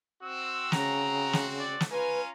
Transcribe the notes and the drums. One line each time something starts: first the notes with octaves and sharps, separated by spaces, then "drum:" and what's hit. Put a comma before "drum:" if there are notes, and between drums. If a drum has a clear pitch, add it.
C4 F#4 E6
C#3 A#5, drum: snare
drum: snare
D5
drum: snare
C#4 F4 B4 G#5 A#5